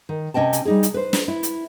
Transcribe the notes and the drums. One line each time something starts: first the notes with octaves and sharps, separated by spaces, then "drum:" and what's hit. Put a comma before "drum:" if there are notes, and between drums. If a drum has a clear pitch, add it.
D#3
C3 C#4 D#5 G5 A5
drum: hi-hat
G3 D#4 G#4
drum: hi-hat
B4 C5
drum: snare
E4
drum: hi-hat